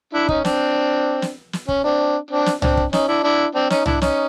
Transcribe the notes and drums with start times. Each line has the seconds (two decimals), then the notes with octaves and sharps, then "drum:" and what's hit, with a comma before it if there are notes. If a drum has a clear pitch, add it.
0.14 D4 E4
0.29 C#4 D#4, drum: kick
0.45 C4 D4, drum: snare
1.22 drum: snare
1.53 drum: snare
1.69 C#4, drum: kick
1.84 C4 D4
2.31 C4 D4
2.46 drum: snare
2.62 C4 D4, drum: tom
2.77 drum: kick
2.93 C#4 D#4, drum: snare
3.08 D4 E4
3.24 D4 E4
3.55 C4 D4
3.70 C#4 D#4, drum: snare
3.86 D4 E4, drum: tom
4.02 C#4 D#4, drum: snare